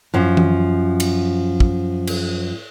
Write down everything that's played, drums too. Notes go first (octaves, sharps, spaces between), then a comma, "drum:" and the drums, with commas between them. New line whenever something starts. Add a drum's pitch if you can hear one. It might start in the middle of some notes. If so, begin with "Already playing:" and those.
F#2 F3
drum: tom E3
drum: cymbal
drum: kick
drum: cymbal